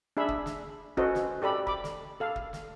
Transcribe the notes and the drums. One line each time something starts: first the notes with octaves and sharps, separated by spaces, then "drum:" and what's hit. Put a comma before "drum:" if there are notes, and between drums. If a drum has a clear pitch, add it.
D4 G#4 E5 B5
drum: kick
drum: snare
C#4 F#4 A4 B4 C5 D#5, drum: kick
drum: snare
G4 A4 D5 B5
B5 D6, drum: kick
drum: snare
A4 F5
drum: kick
drum: snare